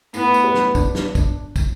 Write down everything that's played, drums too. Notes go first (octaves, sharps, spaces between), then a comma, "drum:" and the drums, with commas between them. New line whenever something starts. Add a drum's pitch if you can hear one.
A2 B3, drum: tambourine
drum: tambourine
B4
drum: snare
D4, drum: kick, tambourine
drum: snare
drum: kick, tambourine
drum: kick, tambourine